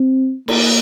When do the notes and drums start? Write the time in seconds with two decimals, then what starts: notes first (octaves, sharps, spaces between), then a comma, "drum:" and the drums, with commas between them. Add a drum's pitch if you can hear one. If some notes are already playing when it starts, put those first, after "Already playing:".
Already playing: C4
0.48 A#3, drum: cymbal